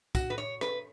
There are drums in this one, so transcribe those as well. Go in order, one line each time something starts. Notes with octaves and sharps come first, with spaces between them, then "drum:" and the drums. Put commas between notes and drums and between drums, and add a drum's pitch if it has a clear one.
F#4, drum: kick, tambourine
B4
C#5
B4, drum: rim click